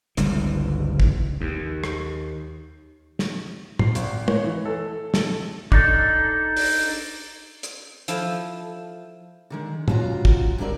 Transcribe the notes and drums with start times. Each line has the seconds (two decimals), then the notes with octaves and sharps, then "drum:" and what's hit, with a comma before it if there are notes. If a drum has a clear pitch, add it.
0.17 G1 C#2 G2 E3, drum: hi-hat
1.00 drum: kick
1.41 D#2
1.84 drum: rim click
3.19 drum: snare
3.79 C7, drum: tom
3.95 G#1, drum: hi-hat
4.28 C#5, drum: tom
4.44 E3
4.65 A4
5.14 A4, drum: snare
5.72 D4 D#4 A4, drum: kick
6.56 drum: open hi-hat
7.63 drum: hi-hat
8.08 F3 E4 A4, drum: hi-hat
9.50 D3 D#3 G#3
9.88 C#3 G#3 F4 F#4 A#5, drum: tom
10.25 drum: kick
10.58 G2 D3 G#3 C4 A#4 D5